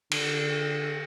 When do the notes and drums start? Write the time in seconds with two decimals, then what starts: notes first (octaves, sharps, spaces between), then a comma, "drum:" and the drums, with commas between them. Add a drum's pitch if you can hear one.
0.11 D3, drum: cymbal